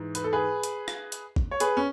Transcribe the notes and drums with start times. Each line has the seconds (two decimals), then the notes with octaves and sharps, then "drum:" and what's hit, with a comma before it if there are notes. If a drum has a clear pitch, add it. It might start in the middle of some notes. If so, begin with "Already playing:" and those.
Already playing: G#2 E3
0.15 B4, drum: hi-hat
0.24 A4
0.33 G#4 B4
0.64 drum: hi-hat
0.88 drum: rim click
1.12 drum: hi-hat
1.36 drum: kick
1.51 C#5
1.60 G#4 B4, drum: hi-hat
1.77 C#4